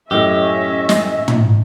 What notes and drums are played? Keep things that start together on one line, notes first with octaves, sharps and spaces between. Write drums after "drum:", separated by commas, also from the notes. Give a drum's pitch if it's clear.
F#2 A2 C#4 G4 D#5 E5
drum: snare
drum: tom